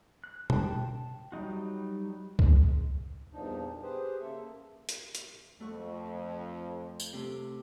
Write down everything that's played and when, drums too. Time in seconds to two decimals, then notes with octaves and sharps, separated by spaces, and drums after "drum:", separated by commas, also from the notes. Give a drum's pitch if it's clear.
0.24 F#6
0.50 G5 A5, drum: tom B2
1.32 F#3 G3 D#4 F#4
2.39 G#3, drum: kick
3.33 E2 G2 A#2 F3 D4 D#4
3.83 G4 G#4 B4 C5
4.21 C#3 A#3 A4 E5
4.89 drum: hi-hat
5.15 drum: hi-hat
5.60 F2 A3 F#4 C#6
7.00 drum: tambourine
7.13 C3 A3